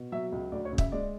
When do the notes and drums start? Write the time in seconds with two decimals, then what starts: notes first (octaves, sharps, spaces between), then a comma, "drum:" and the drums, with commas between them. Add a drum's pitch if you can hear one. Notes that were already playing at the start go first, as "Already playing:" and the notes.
Already playing: B2
0.12 F#3 E5
0.32 C#2
0.52 D2 D5
0.65 C#5
0.73 C#3
0.78 E5, drum: kick
0.92 G#3 D5